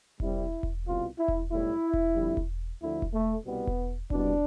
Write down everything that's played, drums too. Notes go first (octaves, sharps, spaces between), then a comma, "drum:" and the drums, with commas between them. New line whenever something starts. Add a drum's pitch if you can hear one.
C2 C3 G3 E4, drum: kick E1
drum: kick E1
C2 B2 G3 F4
E4
drum: kick E1
B1 A2 G3 E4
drum: kick E1
F2 D3 G3
drum: kick E1
D2 D3 F3 E4
drum: kick E1
A3
C2 B2 G3 B3
drum: kick E1
C2 B2 G3 D4, drum: kick E1